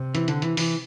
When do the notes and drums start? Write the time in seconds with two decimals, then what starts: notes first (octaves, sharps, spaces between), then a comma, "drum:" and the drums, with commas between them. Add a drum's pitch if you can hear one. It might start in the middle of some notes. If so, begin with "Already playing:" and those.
Already playing: C3
0.15 E3, drum: hi-hat
0.28 D3, drum: hi-hat
0.42 E3, drum: hi-hat
0.57 E3, drum: open hi-hat